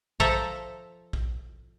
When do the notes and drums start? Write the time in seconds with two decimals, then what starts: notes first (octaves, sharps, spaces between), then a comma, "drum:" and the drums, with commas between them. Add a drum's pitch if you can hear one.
0.20 F3 A4 E5 A#5, drum: kick A#1
1.13 drum: kick A#1